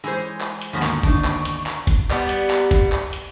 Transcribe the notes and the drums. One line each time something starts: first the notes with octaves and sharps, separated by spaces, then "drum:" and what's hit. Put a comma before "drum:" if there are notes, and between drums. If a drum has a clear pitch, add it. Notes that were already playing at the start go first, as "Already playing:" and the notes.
E3 G#3 G#4 C5 C#5
drum: clap
drum: hi-hat
D#2 G#2 D3 F3 B3 F#4 C#6
drum: clap
D4 D#4, drum: kick
drum: clap
drum: hi-hat
drum: clap
drum: kick, hi-hat
G3 B3, drum: clap
drum: hi-hat
drum: clap
drum: kick, hi-hat
drum: clap
drum: hi-hat